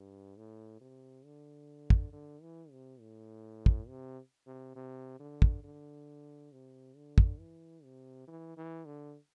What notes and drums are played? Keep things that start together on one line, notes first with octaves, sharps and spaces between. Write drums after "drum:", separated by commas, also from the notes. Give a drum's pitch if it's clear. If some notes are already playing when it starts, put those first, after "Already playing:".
Already playing: G2
A2
C3
D3
drum: kick
D3
E3
C3
A2
drum: kick
C3
C3
C3
D3
drum: kick
D3
C3
D3
drum: kick
E3
C3
E3
E3
D3